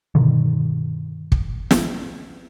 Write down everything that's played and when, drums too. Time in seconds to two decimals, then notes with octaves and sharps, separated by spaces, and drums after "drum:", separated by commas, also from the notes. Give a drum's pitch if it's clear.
0.15 G2 B2 D3 D#3
1.32 drum: kick
1.71 drum: snare